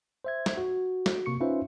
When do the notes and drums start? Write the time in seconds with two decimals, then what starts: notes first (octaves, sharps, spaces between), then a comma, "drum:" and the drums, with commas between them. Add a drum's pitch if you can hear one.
0.24 C5 E5 G#6
0.46 drum: snare
0.57 F#4
1.06 drum: snare
1.26 C3 A#3 C#6 C#7
1.40 C#4 D#4 F4 B4 C5 E5